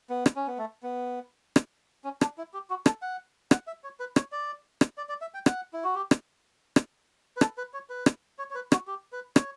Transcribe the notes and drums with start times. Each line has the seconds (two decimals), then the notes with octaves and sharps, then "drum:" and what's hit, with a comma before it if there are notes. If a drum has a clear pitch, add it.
0.10 B3
0.26 drum: rim click
0.36 C#4
0.47 B3
0.58 A3
0.83 B3
1.56 drum: rim click
2.04 C#4
2.21 D4, drum: rim click
2.38 E4
2.54 G4
2.70 F#4
2.86 A4, drum: rim click
3.02 F#5
3.51 F#5, drum: rim click
3.67 E5
3.84 C#5
4.00 B4
4.16 C#5, drum: rim click
4.32 D5
4.81 drum: rim click
4.97 D5
5.09 D5
5.21 E5
5.34 G5
5.46 F#5, drum: rim click
5.73 E4
5.84 F#4
5.95 G4
6.11 drum: rim click
6.76 drum: rim click
7.37 B4
7.41 A4, drum: rim click
7.58 B4
7.74 C#5
7.89 B4
8.06 drum: rim click
8.39 C#5
8.50 C#5
8.55 B4
8.72 F#4, drum: rim click
8.87 G4
9.12 B4
9.36 C#5, drum: rim click